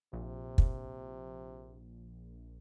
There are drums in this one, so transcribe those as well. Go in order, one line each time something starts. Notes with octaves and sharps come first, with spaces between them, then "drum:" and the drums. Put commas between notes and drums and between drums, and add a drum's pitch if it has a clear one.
A#1 C3
drum: kick